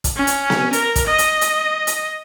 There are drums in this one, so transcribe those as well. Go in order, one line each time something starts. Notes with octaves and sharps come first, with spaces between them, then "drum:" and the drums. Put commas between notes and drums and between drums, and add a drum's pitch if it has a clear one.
drum: kick, hi-hat
C#4
drum: hi-hat
drum: snare B3
A#4, drum: hi-hat
drum: kick, hi-hat
D#5
drum: hi-hat
drum: hi-hat
drum: hi-hat